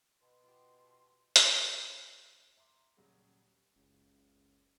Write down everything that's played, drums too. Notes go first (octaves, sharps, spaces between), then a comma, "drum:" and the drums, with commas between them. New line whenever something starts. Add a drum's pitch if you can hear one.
B2 C6
F4 G4 C6
drum: hi-hat
E5 A#5 C6 D6
D#1 C#3 F#3 G3 G#4
F#1 C#2